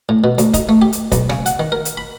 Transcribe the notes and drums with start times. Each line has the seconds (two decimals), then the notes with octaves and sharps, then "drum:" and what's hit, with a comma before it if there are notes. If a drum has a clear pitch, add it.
0.09 A2
0.24 B2
0.38 D2, drum: hi-hat
0.54 D#4, drum: kick F1, hi-hat
0.69 A3
0.82 G4
0.93 drum: hi-hat
1.12 B1, drum: kick F1, hi-hat
1.30 C#3, drum: rim click
1.46 F#5, drum: hi-hat
1.60 D#3
1.72 A#4
1.85 drum: hi-hat
1.97 B5